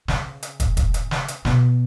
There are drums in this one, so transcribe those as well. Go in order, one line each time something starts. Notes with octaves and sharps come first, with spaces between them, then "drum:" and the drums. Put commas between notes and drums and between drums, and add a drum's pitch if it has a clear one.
C#3, drum: snare
drum: hi-hat
drum: kick, hi-hat
drum: kick, hi-hat
drum: hi-hat
drum: snare
drum: hi-hat
B2, drum: snare